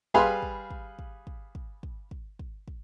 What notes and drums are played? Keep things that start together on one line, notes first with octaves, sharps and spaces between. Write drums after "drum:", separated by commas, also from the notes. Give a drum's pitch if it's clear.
G3 G#4 B4 F5 B5 C6, drum: kick
drum: kick
drum: kick
drum: kick
drum: kick
drum: kick
drum: kick
drum: kick
drum: kick
drum: kick